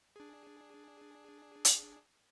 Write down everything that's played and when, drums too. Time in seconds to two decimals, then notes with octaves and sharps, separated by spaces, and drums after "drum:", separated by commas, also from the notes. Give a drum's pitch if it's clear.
0.16 D4 G#4
1.65 drum: hi-hat